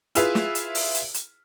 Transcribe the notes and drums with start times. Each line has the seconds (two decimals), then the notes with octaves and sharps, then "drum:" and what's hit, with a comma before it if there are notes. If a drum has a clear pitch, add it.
0.15 E4 F4 G#4 B4 E5, drum: hi-hat
0.35 drum: snare
0.55 drum: hi-hat
0.75 drum: open hi-hat
0.94 drum: hi-hat
1.14 drum: hi-hat